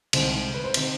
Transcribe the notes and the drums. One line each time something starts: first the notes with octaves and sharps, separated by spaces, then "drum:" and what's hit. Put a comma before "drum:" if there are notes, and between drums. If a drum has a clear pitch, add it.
C2 C3 D#3 G#3 C5, drum: cymbal
B4
C5
C3 D#3 C5, drum: cymbal